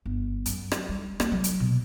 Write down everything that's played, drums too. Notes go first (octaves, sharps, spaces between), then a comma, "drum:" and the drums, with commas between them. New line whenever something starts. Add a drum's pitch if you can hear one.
G1
F#2, drum: hi-hat
drum: rim click
G3
A#3, drum: rim click
F#3
drum: hi-hat
B2